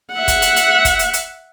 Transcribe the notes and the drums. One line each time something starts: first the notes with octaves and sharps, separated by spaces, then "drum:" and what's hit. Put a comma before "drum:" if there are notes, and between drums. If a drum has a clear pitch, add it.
E5 F#5
drum: kick, hi-hat
drum: hi-hat
drum: hi-hat
drum: kick, hi-hat
drum: hi-hat
drum: hi-hat